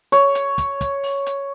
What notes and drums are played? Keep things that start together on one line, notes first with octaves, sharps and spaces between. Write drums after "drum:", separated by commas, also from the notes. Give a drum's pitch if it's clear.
C#5, drum: hi-hat
drum: hi-hat
drum: kick, hi-hat
drum: kick, hi-hat
drum: open hi-hat
drum: hi-hat